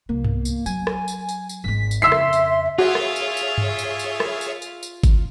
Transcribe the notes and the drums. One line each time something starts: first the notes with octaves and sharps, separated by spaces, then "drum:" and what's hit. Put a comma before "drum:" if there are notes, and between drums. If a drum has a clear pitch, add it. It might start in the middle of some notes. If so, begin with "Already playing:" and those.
C2 A#3 B3
drum: tom G2
drum: tambourine
F#3 G#5, drum: tambourine
drum: rim click
drum: tambourine
drum: tambourine
drum: tambourine
G#1 G#3 B6
drum: tambourine
F2 C#3 E5 C6 E6 B6 C7
drum: rim click
drum: tambourine
F4 F#4 G#4 C#5 E5
drum: rim click
drum: tambourine
drum: tambourine
drum: tom G2
drum: tambourine
drum: tambourine
drum: rim click
drum: tambourine
drum: tambourine
drum: tambourine
drum: kick G#1, tambourine